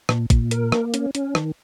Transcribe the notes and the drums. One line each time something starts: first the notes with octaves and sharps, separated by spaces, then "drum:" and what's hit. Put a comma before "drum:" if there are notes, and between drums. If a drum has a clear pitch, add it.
A#2, drum: rim click
A#2, drum: kick A1, hi-hat
A#4, drum: hi-hat
A#3, drum: rim click
C#4, drum: hi-hat
C#4, drum: hi-hat
D#3, drum: rim click